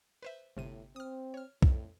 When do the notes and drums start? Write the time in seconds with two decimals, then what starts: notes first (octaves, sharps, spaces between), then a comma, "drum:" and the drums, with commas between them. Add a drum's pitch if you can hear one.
0.23 B4 C5 E5
0.57 G1 A2 C3 D#7
0.96 C4 D#6 F6
1.34 C#5 F6
1.62 F2 A2, drum: kick B1